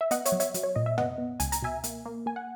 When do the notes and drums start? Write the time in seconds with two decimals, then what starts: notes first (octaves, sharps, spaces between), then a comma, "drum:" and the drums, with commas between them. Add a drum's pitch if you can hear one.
0.01 E5
0.11 B3 D#5 F#5, drum: hi-hat
0.25 C#5 E5, drum: hi-hat
0.32 F#3
0.40 C#5 E5, drum: hi-hat
0.54 F#3, drum: hi-hat
0.63 C#5
0.76 A#2 D#5
0.86 E5
0.98 B3 D#5 F#5, drum: tom
1.18 B3
1.40 C#2 G#5, drum: hi-hat
1.52 A#5, drum: hi-hat
1.62 B2 E5 G#5
1.84 A#3, drum: hi-hat
2.06 A#3
2.26 A#3 G#5
2.36 F#5